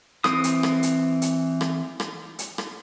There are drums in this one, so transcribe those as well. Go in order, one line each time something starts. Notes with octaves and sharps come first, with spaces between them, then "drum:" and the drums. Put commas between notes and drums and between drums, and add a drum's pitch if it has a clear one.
E3 C4 D#6, drum: rim click
drum: hi-hat
drum: rim click
drum: hi-hat
drum: hi-hat
drum: rim click
drum: rim click
drum: hi-hat
drum: rim click